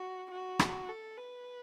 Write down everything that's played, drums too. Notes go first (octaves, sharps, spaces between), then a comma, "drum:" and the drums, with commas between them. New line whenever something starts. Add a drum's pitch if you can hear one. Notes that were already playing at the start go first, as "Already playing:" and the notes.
Already playing: F#4
F#4
drum: rim click
A4
B4